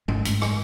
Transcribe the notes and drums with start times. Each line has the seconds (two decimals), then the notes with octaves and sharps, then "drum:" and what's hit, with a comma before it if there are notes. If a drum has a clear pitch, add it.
0.08 G#1 G#2 G#3, drum: tom G#3
0.25 G2, drum: hi-hat
0.42 drum: rim click